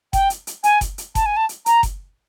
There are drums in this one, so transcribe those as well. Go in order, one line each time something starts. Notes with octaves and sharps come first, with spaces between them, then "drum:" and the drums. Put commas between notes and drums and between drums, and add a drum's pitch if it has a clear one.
G5, drum: kick F#1, hi-hat
drum: hi-hat
drum: hi-hat
G#5, drum: hi-hat
drum: kick F#1, hi-hat
drum: hi-hat
A5, drum: kick F#1, hi-hat
G#5
A5
drum: hi-hat
A#5, drum: hi-hat
drum: kick F#1, hi-hat